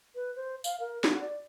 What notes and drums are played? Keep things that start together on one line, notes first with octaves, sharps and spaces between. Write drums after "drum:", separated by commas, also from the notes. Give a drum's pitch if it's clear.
B4
C5
F5, drum: tambourine
A#4
F#4, drum: snare
D5